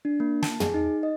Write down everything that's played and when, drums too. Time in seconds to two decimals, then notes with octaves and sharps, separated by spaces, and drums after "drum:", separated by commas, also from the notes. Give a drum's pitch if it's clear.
0.05 D4
0.20 A#3
0.43 A5, drum: snare
0.60 G#4, drum: tom
0.74 D#4
1.03 D#5